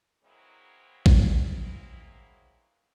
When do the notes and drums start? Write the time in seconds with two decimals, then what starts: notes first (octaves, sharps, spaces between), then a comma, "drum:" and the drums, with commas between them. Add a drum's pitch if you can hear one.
0.24 E3 F#3 G#3 A#3 C4 E4
1.06 drum: kick A#1